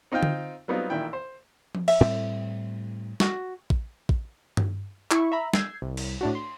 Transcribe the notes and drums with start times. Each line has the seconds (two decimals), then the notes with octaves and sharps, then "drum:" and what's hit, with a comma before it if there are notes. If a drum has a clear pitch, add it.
0.12 C4 D#4 F4 F5 G5
0.23 drum: tom D3
0.68 F#3 G3 B3 C4 D#4 F4
0.90 A1 A#2 D#3 E4 G5
1.13 C5
1.75 drum: tom F3
1.88 E5, drum: cymbal
2.01 A2 G3 C4
3.20 F#4, drum: snare
3.70 drum: kick
4.09 drum: kick
4.57 drum: tom G2
5.11 E4 C#6, drum: clap
5.32 E5 A#5 B5
5.53 E6 G6 G#6 C7, drum: snare
5.82 C2
5.97 drum: cymbal
6.21 A2 D4 F#4
6.35 C6